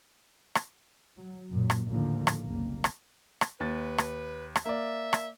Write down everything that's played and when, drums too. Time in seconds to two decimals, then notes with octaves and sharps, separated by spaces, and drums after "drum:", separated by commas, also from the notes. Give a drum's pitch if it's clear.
0.55 drum: rim click
1.17 F#3
1.50 F#2 A#2
1.70 drum: rim click
1.87 D#2 A2 D3 F3 A#3
2.27 drum: rim click
2.42 F#1 C2 A#3
2.84 drum: rim click
3.41 drum: rim click
3.60 D#2 B4 A6
3.98 drum: rim click
4.56 drum: rim click
4.66 A#3 D5 E5
5.13 drum: rim click